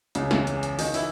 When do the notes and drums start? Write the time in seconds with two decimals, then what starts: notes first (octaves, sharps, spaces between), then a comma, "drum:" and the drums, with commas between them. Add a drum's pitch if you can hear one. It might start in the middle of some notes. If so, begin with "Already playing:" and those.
0.15 C#2 C#3, drum: hi-hat
0.31 E2 E3, drum: snare
0.47 drum: hi-hat
0.63 drum: hi-hat
0.79 D#3 D#4, drum: open hi-hat
0.94 E3 E4, drum: open hi-hat